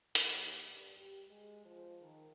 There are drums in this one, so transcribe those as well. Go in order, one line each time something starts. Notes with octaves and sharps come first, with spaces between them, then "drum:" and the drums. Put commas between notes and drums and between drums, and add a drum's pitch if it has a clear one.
D#2, drum: hi-hat
G2
G4
G#3
F3
D#3